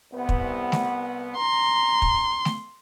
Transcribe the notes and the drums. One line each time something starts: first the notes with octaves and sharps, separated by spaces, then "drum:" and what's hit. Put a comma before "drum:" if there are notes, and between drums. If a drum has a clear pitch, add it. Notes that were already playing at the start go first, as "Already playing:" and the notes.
C2 B3
drum: kick
drum: snare A3
A#5 C6
drum: kick
drum: snare A3